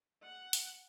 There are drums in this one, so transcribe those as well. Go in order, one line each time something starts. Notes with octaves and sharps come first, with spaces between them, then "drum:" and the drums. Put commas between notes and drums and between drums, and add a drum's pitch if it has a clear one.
F#5
drum: hi-hat